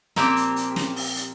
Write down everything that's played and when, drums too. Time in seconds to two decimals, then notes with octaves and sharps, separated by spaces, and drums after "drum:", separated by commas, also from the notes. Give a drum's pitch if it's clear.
0.16 A#2 F3 A#3 C4 G4, drum: snare
0.36 drum: hi-hat
0.56 drum: hi-hat
0.76 drum: snare
0.96 drum: open hi-hat
1.16 drum: hi-hat